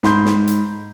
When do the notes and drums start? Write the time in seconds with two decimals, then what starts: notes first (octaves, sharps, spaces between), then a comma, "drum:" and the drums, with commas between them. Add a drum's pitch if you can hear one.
0.03 G#2 B5 C6 G6, drum: snare
0.25 drum: snare
0.47 drum: hi-hat